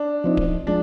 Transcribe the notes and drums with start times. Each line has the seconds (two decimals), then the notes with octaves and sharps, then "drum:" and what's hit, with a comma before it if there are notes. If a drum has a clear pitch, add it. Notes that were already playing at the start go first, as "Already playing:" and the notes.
Already playing: D4
0.24 F3 C4 D#4
0.37 drum: kick D1
0.67 F3 G#3 D4